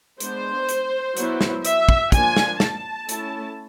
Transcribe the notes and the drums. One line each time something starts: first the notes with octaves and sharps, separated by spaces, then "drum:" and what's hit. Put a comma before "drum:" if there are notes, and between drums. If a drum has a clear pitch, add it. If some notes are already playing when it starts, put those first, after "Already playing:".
G#3 B3 D4 C5, drum: hi-hat
drum: hi-hat
F#3 B3 E4, drum: hi-hat
drum: snare
E5, drum: hi-hat
drum: kick
F3 A#3 D4 F4 G#5, drum: kick, hi-hat
drum: snare
A5, drum: snare
A3 C#4 E4, drum: hi-hat